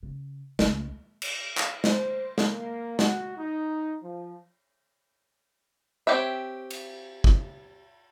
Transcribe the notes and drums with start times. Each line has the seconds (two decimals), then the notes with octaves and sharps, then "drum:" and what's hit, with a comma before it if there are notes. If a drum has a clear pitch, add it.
0.03 C#3
0.59 C#2 A3, drum: snare
1.22 drum: cymbal
1.57 drum: clap
1.84 C5, drum: snare
2.38 A#3, drum: snare
2.99 F#4, drum: snare
3.38 D#4
4.03 F3
6.07 C4 G4 C#5 E5
6.71 drum: cymbal
7.24 drum: kick